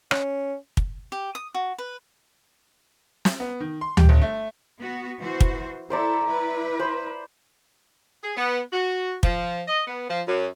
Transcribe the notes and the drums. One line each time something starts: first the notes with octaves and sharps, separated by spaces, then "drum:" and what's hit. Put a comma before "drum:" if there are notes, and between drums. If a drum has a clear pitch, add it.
C#4, drum: rim click
drum: kick
G4
D#6
F#4
B4
drum: snare
B3
D#3
C6
G4, drum: tom D2
G1
A3
B3 F#4
E3 F#4 C5
drum: kick
E4 A4 C5 D5 A#5
E4 B4
C5 B5
G#4
B3
F#4
F3, drum: kick
D#5
B3
F3
F#2